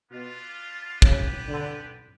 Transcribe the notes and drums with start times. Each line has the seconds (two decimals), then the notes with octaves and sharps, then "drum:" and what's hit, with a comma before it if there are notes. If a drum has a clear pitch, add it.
0.11 B2 B3 D4 F4
1.02 C#3 B3 D4 G4 B4, drum: kick
1.48 D3